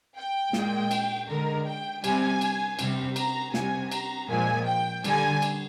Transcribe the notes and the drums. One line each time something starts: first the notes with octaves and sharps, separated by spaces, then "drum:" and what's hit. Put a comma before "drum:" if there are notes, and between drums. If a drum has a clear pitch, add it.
G5
A#2 G#3, drum: snare
drum: cymbal
D3 G#3 A#4
G5
C3 G3 G#5, drum: cymbal
drum: cymbal
C3 G3, drum: cymbal
A#5, drum: cymbal
C3 G3 G#5, drum: snare
A#5, drum: cymbal
A#2 F3 G#3 G#5
G5
D3 G3 G#5, drum: cymbal
drum: cymbal